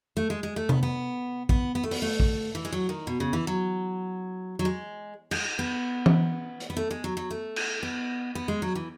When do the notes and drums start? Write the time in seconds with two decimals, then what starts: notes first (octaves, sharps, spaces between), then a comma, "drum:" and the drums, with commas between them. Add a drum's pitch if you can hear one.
0.17 A3
0.30 G#3
0.43 G#3
0.56 A3
0.69 B3, drum: tom C3
0.83 B3
1.49 B3, drum: kick A#1
1.75 B3
1.84 A3
1.91 B3, drum: open hi-hat
2.02 A3
2.20 drum: kick A#1
2.55 E3
2.65 G#3
2.72 F#3
2.89 D#3
3.07 B2
3.20 C#3
3.33 E3
3.47 F#3
4.59 F#3
4.65 G#3
5.31 G#3, drum: cymbal
5.59 B3
6.06 drum: tom E3
6.60 drum: hi-hat
6.70 B3
6.77 A3
6.91 G#3
7.04 F#3
7.17 F#3
7.31 A3
7.56 drum: cymbal
7.83 B3
8.35 B3
8.48 G#3
8.62 F#3
8.75 E3